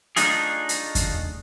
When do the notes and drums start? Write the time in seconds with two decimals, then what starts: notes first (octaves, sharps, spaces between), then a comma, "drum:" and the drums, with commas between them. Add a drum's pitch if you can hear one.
0.16 A3 D4 D#4 F4 G#4, drum: hi-hat
0.69 drum: hi-hat
0.95 drum: kick E2, hi-hat